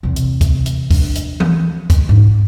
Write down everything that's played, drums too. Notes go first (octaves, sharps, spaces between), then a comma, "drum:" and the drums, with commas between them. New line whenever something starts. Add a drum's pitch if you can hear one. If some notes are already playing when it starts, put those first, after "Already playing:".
E2 C3
drum: hi-hat
drum: kick, hi-hat
drum: hi-hat
F3 D4, drum: kick, open hi-hat
drum: hi-hat
drum: tom E3
drum: kick, hi-hat
G#2